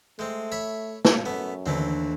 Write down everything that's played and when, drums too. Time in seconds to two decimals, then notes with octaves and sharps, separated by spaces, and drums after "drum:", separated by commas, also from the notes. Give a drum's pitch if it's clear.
0.19 G#3 A3 C4 G6
0.52 C#5 E5 B5
1.05 drum: snare
1.26 F#2 A3 B3
1.66 D#2 D3 E3 A3 C4